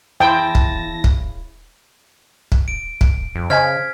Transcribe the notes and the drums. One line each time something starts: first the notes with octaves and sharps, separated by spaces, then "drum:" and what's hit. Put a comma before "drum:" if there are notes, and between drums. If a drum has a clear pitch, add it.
E2 C#3 E4 G5 A5 C6 A#6
drum: kick
drum: kick
drum: kick
D7
drum: kick
F2
C#3 C5 D#5 G#5 F6 G#6 B6